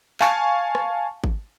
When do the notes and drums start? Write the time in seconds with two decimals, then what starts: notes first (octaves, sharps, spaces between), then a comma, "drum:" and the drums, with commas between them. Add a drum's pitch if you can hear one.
0.21 F5 G#5 A5 C#6, drum: clap
0.75 drum: rim click
1.24 drum: kick G#1